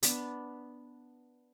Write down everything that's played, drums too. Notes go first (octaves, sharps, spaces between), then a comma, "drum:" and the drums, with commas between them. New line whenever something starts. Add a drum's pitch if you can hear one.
B3 D4, drum: hi-hat